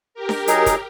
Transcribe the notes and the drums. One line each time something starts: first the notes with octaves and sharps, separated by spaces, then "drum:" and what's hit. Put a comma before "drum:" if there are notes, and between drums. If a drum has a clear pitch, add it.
G4 A#4
drum: snare D4
F#3 D#4 G#4, drum: hi-hat
drum: kick, hi-hat